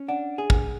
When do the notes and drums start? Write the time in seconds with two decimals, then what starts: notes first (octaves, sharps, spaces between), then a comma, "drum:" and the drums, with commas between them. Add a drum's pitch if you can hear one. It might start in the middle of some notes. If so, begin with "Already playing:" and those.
Already playing: C#4
0.08 D4 F#5
0.38 G#4
0.50 drum: kick